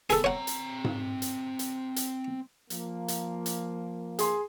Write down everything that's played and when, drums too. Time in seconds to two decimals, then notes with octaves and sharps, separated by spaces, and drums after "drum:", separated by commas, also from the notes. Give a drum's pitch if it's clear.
0.10 B3 G#4 A4, drum: hi-hat
0.24 C4 C#5 F#5 A#5
0.47 drum: hi-hat
0.84 drum: tom G#2
1.22 drum: hi-hat
1.59 drum: hi-hat
1.96 drum: hi-hat
2.70 F3 A#3, drum: hi-hat
3.08 drum: hi-hat
3.46 drum: hi-hat
4.19 G#4 C6, drum: hi-hat